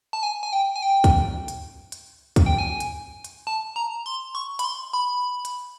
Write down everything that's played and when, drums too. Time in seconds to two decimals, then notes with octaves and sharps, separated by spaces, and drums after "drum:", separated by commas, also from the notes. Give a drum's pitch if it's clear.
0.13 A5
0.23 G#5
0.43 G#5
0.53 G5
0.76 G#5
0.82 G5
1.04 drum: kick, hi-hat
1.48 drum: hi-hat
1.92 drum: hi-hat
2.36 drum: kick, hi-hat
2.46 G5
2.58 G#5
2.80 drum: hi-hat
3.24 drum: hi-hat
3.47 A5
3.76 A#5
4.06 C6
4.35 C#6
4.59 B5, drum: hi-hat
4.64 C6
4.93 B5
5.45 drum: hi-hat